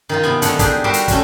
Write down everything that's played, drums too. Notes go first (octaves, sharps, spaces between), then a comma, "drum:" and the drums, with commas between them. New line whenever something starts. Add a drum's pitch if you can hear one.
D#3 D#4 F4
C3 B3 G#5
D3 F3 A3 F#5, drum: hi-hat
D4 D#4 G4 G#4, drum: kick, hi-hat
G3 F#4 G4 A#4 C5 E5
drum: hi-hat
A3 C#4 F#4, drum: kick, hi-hat